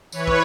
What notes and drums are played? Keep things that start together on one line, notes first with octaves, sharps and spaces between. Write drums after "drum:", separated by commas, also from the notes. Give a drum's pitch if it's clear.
E3 B4 C#5, drum: tambourine
drum: kick